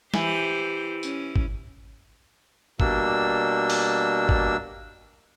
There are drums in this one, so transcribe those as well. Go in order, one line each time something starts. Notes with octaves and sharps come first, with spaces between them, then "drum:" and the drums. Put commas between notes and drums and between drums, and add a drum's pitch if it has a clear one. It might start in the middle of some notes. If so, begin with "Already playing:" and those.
E3 G4 C5, drum: snare
C#4, drum: tambourine
drum: kick G#1
B2 G3 A#3 D4 E6, drum: kick G#1
drum: open hi-hat
drum: kick G#1